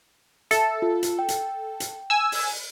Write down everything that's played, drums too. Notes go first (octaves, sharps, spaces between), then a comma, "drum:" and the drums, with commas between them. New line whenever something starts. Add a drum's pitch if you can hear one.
A4 E5, drum: hi-hat
F4
drum: hi-hat
G5
drum: hi-hat
drum: hi-hat
G#5 E6
drum: open hi-hat